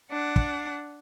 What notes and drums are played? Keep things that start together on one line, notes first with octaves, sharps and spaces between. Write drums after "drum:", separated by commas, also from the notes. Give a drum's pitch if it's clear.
D4 F#5
drum: kick